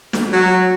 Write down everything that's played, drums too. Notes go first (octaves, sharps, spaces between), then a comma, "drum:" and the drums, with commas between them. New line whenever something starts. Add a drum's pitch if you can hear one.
drum: snare
F#3